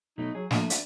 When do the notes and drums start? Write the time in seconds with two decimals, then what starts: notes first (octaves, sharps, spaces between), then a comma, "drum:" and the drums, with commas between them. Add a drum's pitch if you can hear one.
0.18 B2 F#3 A3 D#4
0.35 F#3 G#4
0.51 F3 A3 A#3 D4 F4, drum: snare
0.70 D5, drum: hi-hat